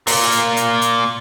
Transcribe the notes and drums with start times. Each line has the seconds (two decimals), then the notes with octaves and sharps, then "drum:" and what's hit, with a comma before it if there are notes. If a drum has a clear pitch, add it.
0.07 A#2 A#3, drum: open hi-hat
0.32 drum: hi-hat
0.57 drum: hi-hat
0.81 drum: hi-hat